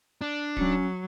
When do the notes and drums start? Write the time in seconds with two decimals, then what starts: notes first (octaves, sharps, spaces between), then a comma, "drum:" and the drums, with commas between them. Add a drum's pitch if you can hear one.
0.21 D4
0.57 F#3 C#4, drum: kick D1